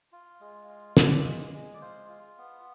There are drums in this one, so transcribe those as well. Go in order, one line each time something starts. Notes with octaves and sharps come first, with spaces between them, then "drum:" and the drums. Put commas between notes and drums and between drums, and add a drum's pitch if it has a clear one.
F4
G#3
F4
G#3 D5, drum: snare
G#3
G#3
D5
F4 C5
F4
B3